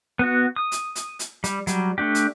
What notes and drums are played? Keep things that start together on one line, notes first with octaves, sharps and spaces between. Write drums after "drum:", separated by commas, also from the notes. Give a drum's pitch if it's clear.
B3 F#4
D#6
drum: hi-hat
drum: hi-hat
drum: hi-hat
G3, drum: hi-hat
F#3 G3, drum: hi-hat
A3 D4 G4
drum: hi-hat